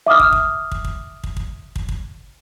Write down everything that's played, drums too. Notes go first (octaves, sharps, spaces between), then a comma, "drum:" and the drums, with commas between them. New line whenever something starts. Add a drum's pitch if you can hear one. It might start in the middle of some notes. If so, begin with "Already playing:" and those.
E5 D6 D#6 F6
drum: kick
drum: kick
drum: kick
drum: kick
drum: kick
drum: kick
drum: kick
drum: kick